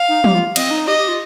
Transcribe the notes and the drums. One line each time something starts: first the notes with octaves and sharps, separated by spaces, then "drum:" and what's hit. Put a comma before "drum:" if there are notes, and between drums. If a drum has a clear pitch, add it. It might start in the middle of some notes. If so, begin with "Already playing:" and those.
Already playing: F5
D#4
G4, drum: tom
F4
C4 D#5, drum: cymbal
D#4
G4 D#5
G4
F4